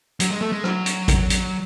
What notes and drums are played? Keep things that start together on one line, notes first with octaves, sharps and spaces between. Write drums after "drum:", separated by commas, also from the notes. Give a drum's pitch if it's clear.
F#3, drum: hi-hat
G#3
A3
G#3
F#3, drum: rim click
drum: hi-hat
drum: kick A1, hi-hat
drum: hi-hat